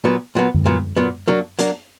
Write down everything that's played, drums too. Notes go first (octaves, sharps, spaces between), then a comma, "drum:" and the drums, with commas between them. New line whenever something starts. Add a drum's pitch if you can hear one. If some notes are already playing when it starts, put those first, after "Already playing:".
A#2 F#3 B3
A#2 F#3 B3
drum: tom
A#2 F#3 B3
A#2 F#3 B3
F#3 A#3 D4
F#3 A#3 D4, drum: hi-hat